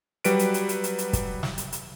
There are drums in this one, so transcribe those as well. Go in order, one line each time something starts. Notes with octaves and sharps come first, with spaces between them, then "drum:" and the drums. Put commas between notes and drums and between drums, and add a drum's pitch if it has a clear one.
F#3 G3 B4 D7, drum: hi-hat
drum: hi-hat
drum: hi-hat
drum: hi-hat
drum: hi-hat
drum: hi-hat
drum: kick, hi-hat
drum: snare
drum: hi-hat
drum: hi-hat